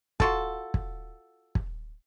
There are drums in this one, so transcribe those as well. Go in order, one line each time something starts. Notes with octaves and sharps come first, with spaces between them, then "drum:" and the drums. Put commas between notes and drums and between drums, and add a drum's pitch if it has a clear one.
F4 F#4 A4, drum: kick
drum: kick
drum: kick